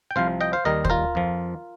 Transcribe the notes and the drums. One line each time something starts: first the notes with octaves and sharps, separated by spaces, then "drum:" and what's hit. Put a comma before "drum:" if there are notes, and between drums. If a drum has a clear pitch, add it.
G5
C2 C3 F3 C5 F5
D#5 G5
C5 F5
D#2 D#3 G3 A#4 D#5
C5, drum: kick
F4 A#4
F2 F3